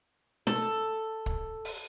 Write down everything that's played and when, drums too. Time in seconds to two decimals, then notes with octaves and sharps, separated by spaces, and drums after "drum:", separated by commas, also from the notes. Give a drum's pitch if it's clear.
0.47 A4, drum: snare
1.26 drum: kick
1.65 drum: open hi-hat